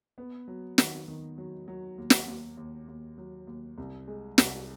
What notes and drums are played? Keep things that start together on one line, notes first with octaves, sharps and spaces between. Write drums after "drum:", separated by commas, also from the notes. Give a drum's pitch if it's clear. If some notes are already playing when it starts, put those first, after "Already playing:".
B3
F#3
D#3, drum: snare
D#3
F#3
F#3
D#2
drum: snare
D#2
D#2
D#2
F#3
D#2
C2
G#3
C2, drum: snare